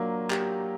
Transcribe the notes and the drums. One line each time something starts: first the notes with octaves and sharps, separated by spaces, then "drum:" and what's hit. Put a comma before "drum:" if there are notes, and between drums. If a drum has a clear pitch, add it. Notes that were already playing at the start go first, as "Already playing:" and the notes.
Already playing: F#3 A#3 D4 F4
G4, drum: clap